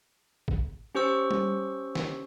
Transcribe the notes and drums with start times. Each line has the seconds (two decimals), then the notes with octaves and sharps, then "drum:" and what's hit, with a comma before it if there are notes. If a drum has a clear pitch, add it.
0.48 drum: kick
0.95 C#4 G4 C5 C#6 E6
1.31 drum: tom G3
1.95 drum: snare